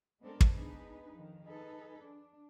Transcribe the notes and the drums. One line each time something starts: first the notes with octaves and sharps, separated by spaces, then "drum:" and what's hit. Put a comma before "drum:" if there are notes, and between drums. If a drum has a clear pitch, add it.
G#3 B3 C4 D4 A4 A#4
drum: kick
B3 D4 D#4 G#4 B4
F2 D#3
D#4 G#4 A4 B4
D4